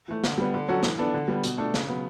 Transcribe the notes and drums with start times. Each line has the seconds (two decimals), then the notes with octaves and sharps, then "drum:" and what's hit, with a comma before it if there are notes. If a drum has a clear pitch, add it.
0.08 E3 A3
0.24 D3, drum: snare
0.38 G3 B3
0.54 D3
0.68 F#3 C#4 F#4 A4
0.83 E3, drum: snare
0.98 B3 D4 A4
1.14 D3
1.28 G3 B3
1.44 B2, drum: hi-hat
1.58 A3 D4 A4
1.74 C#3, drum: snare
1.88 F#3 B3